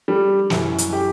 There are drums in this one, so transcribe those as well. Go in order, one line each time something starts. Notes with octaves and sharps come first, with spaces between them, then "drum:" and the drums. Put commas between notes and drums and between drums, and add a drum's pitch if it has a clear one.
G3
F#2 E3, drum: snare
drum: hi-hat
G4